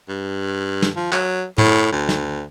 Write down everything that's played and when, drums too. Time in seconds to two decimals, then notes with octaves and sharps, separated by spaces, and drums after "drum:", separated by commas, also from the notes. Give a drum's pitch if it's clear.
0.09 G2
0.82 drum: snare
0.96 F3
1.13 F#3, drum: clap
1.58 A2, drum: tom
1.92 D2
2.09 drum: snare